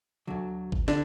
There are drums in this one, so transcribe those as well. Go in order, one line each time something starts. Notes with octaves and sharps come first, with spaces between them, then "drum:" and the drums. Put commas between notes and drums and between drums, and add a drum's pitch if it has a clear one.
D2 D3 F#3
drum: kick G#1
D3 D4, drum: snare